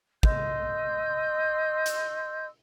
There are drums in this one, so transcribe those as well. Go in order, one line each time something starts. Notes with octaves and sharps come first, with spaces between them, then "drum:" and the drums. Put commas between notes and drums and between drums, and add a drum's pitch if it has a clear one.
D#5 C6 E6 G6, drum: kick
drum: hi-hat